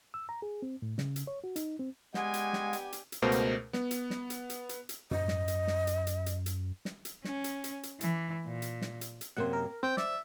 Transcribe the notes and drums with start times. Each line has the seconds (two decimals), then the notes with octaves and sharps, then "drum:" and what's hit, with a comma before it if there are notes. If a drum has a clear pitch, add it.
0.14 E6
0.29 A#5
0.42 G#4
0.62 C4
0.82 A2
0.98 C#3, drum: snare
1.16 drum: hi-hat
1.27 C#5
1.44 F#4
1.56 D#4, drum: hi-hat
1.79 C4
2.14 G#3 B3 D4 G4 F#5 G#5, drum: snare
2.34 drum: hi-hat
2.53 drum: snare
2.73 drum: hi-hat
2.93 drum: hi-hat
3.12 drum: hi-hat
3.22 C#2 B2 A3 A#4 C5
3.32 drum: hi-hat
3.73 B3, drum: snare
3.91 drum: hi-hat
4.10 drum: snare
4.30 drum: hi-hat
4.50 drum: hi-hat
4.69 drum: hi-hat
4.89 drum: hi-hat
5.11 F#2 D#5, drum: tom
5.28 drum: snare
5.48 drum: hi-hat
5.67 drum: snare
5.87 drum: hi-hat
6.07 drum: hi-hat
6.26 drum: hi-hat
6.46 drum: hi-hat
6.85 drum: snare
7.05 drum: hi-hat
7.24 C#4, drum: snare
7.44 drum: hi-hat
7.64 drum: hi-hat
7.83 drum: hi-hat
8.01 E3, drum: hi-hat
8.47 A#2
8.62 drum: hi-hat
8.82 drum: snare
9.01 drum: hi-hat
9.21 drum: hi-hat
9.37 F#2 C3 A#3 C5 F#5
9.53 A#4
9.83 C4 C5 G5
9.97 D5 E5, drum: snare